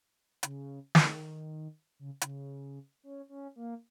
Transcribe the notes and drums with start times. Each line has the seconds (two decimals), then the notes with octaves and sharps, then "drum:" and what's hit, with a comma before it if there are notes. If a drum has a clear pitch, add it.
0.43 C#3, drum: hi-hat
0.95 D#3, drum: snare
1.99 C#3
2.21 C#3, drum: hi-hat
3.03 C#4
3.29 C#4
3.56 A#3